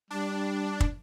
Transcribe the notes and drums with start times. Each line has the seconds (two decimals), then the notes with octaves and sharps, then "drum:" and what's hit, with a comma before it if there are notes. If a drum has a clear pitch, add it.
0.10 G3 D4
0.80 drum: kick